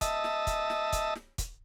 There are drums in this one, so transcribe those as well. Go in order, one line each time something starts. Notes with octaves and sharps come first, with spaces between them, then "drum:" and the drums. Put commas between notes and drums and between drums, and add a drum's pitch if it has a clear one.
D#5 E5 A5, drum: kick, hi-hat
drum: snare
drum: kick, hi-hat
drum: snare
drum: kick, hi-hat
drum: snare
drum: kick, hi-hat